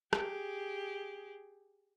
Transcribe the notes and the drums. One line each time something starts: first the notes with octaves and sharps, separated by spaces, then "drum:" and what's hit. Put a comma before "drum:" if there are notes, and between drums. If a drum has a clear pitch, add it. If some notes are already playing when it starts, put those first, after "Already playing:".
G4 G#4, drum: rim click